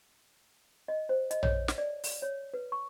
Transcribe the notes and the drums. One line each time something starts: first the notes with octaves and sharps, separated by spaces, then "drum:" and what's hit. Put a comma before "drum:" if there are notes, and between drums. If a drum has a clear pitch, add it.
D#5
C5
D#5, drum: hi-hat
C#5, drum: tom A#1
drum: snare
D5
drum: open hi-hat
C#5
B4
C#6